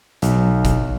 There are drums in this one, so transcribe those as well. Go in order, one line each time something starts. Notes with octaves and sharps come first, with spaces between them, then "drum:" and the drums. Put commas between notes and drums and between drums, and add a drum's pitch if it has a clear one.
B1, drum: hi-hat
drum: kick, hi-hat